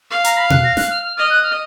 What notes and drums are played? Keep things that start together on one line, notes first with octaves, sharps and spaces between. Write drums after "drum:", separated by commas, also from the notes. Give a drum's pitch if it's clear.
F5
A#5, drum: hi-hat
B5
F#6, drum: tom B2
A#6
F#6, drum: snare
F6
F6
D#5 F6
F#6
F6